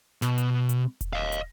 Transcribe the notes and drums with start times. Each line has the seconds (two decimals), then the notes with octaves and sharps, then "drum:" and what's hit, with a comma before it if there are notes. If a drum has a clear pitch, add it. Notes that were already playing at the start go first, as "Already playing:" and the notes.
0.22 B2, drum: snare
0.38 drum: hi-hat
0.69 drum: hi-hat
1.01 drum: kick E1, hi-hat
1.13 D#5 F5
1.32 drum: hi-hat